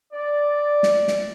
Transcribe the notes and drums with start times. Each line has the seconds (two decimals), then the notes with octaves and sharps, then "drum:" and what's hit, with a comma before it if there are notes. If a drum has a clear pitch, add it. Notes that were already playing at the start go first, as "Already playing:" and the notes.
0.13 D5
0.83 drum: snare
1.08 drum: snare